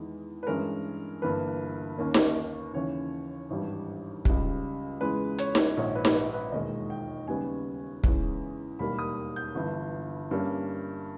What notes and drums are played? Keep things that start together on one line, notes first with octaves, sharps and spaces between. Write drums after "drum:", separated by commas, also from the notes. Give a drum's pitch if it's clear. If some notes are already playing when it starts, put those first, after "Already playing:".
Already playing: E2 D#3 G#3
B4
G2 E3 G#3 C#4 A#4
G1 G2 E3 A#3 B4
D#2 D#3 A#3 C#4
drum: snare D#4
D#2 C#3 E3 C#5
G#1 G2 E3 G3
C#2 C#3 G3, drum: kick
E2 C#3 G#3 B4
C#5, drum: hi-hat
drum: snare D#4
A#1 G#2 D#3 C#5
B4
drum: snare D#4
B4
B4
E1 D#2 D#3 G#3 D#5
G5
D#2 C#3 G3 B3 G#5
E2 C#3 G#3 C#4, drum: kick
E1 D#2 D#3 G3 A#3 B5
D#6
G6
G1 G2 E3
G2 G3 A#3 C#4